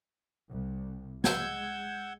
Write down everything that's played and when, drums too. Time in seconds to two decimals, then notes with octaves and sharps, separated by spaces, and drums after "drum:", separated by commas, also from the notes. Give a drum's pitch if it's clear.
0.51 C2
1.24 G#3 F#5 E6 G6 G#6, drum: snare